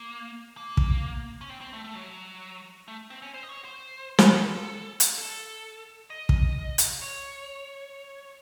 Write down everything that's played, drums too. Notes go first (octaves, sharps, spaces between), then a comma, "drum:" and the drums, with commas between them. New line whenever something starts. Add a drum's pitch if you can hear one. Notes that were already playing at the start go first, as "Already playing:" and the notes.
Already playing: A#3
A#3
drum: kick
C#4
C4
C4
A3
A3
F#3
A3
C4
C#4
C5
D#5
C#5
C5
A#4, drum: snare
A4
drum: hi-hat
A4
D#5
drum: kick
drum: hi-hat
C#5